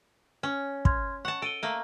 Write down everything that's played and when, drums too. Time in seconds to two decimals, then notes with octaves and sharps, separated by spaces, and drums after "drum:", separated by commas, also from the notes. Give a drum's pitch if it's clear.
0.43 C#4
0.85 C6 F6 G#6, drum: kick
1.25 F#5 A5 C#6
1.42 A4 D7 D#7 G7
1.63 A3 A#3